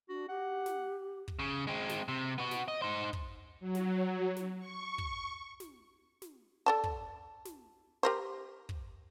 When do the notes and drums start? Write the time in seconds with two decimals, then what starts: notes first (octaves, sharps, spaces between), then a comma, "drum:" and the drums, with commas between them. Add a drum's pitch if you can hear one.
0.09 D4 F#4
0.29 G4 F#5
0.66 drum: snare
1.28 drum: kick
1.39 C#3
1.67 G#3 C4
1.89 drum: snare
2.08 C3
2.38 B3 F#4
2.51 drum: snare
2.68 D#5
2.82 D#4 C5
3.13 drum: kick
3.60 F#3
3.75 drum: snare
4.36 drum: snare
4.59 C#6
4.98 drum: kick
5.60 drum: snare
6.22 drum: snare
6.66 A4 D5 A5
6.84 drum: kick
7.45 drum: snare
8.03 G4 A#4 C5
8.69 drum: kick